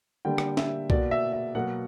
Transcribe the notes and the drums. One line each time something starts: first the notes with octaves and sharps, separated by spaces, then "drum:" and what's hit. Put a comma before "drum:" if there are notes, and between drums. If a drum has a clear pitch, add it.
D3 G3 A#3 G5
drum: rim click
E5, drum: snare
B2 A#3 D5, drum: kick B1
E5
E5
B2 F#3 A#3 F#5